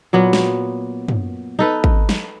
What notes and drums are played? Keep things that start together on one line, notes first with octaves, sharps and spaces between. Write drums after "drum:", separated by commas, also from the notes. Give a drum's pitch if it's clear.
A#2 F#3 B3
drum: snare
drum: tom
D#4 A4 B4
drum: kick G#1
drum: snare